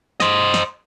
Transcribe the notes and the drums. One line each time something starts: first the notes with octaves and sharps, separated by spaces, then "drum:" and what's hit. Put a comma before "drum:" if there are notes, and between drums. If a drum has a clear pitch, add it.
C5 D#5, drum: snare
drum: snare